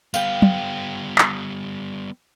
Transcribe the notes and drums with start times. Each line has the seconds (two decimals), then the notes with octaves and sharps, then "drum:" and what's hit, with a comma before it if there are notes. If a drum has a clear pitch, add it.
0.14 G3 B3 F5 G5, drum: tambourine
0.42 drum: tom
1.18 drum: clap